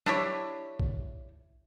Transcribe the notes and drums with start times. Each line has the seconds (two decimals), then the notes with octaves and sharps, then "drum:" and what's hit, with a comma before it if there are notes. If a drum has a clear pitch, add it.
0.06 D4 E4 G4 C#5, drum: snare
0.80 drum: kick